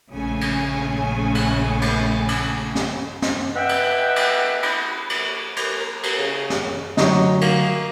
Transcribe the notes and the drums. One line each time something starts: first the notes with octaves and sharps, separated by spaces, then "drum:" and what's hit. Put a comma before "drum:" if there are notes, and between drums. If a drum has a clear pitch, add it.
A#1 C#3 A3 G#5
drum: cymbal
drum: cymbal
drum: cymbal
drum: cymbal
drum: snare
drum: snare
B4 D#5 E5 F#5 G5
drum: cymbal
drum: cymbal
drum: cymbal
drum: cymbal
drum: cymbal
A#4
drum: cymbal
C#3
drum: snare
D2 F#3 D#4, drum: snare
A#3, drum: cymbal